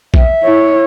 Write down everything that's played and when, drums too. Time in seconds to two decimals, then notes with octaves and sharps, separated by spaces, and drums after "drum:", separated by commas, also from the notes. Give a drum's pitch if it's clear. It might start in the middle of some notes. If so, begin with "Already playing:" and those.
0.14 E5, drum: kick A#1
0.43 E4 C#5